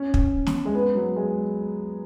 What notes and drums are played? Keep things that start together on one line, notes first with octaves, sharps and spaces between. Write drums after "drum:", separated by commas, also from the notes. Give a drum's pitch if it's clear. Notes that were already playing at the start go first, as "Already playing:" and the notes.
Already playing: C#4
drum: kick
drum: snare
G#3
B3
F#3
G#3